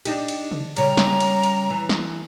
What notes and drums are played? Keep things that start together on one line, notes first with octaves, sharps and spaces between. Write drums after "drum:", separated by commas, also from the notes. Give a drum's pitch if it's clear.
D4 D#4 G4, drum: cymbal
drum: cymbal
drum: tom C3
C#3 G3 A#5, drum: cymbal
drum: snare
drum: cymbal
drum: cymbal
E3
drum: snare